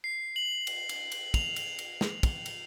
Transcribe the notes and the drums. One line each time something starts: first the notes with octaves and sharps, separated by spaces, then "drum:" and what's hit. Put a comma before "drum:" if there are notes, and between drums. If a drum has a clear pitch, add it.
C7
F#7
drum: cymbal
drum: cymbal
drum: cymbal
F7, drum: kick, cymbal
drum: cymbal
drum: cymbal
drum: snare
drum: kick, cymbal
drum: cymbal